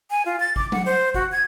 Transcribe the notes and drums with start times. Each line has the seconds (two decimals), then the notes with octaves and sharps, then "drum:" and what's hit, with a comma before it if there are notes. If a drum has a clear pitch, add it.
0.11 G#5
0.26 F4
0.40 A6
0.56 D6, drum: kick
0.72 F#5, drum: tom F#3
0.85 C5
1.14 F#4, drum: kick
1.32 G#6